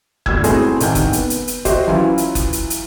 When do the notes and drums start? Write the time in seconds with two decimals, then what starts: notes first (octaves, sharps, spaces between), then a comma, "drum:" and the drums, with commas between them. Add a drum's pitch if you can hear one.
0.26 G1 D2 A#2 E6 G#6, drum: kick F#1
0.44 A3 C4 E4 F#4 G#4 C5, drum: hi-hat
0.80 A1 C3 D#3 G5 G#5 G6, drum: hi-hat
0.95 drum: kick F#1, hi-hat
1.13 B3, drum: hi-hat
1.30 drum: hi-hat
1.48 drum: hi-hat
1.65 F#4 G4 C5 D#5 E5 G5, drum: kick F#1, hi-hat
1.87 E3 F#3 C#4 E4 F4
2.18 drum: hi-hat
2.35 drum: kick F#1, hi-hat
2.53 drum: hi-hat
2.70 drum: hi-hat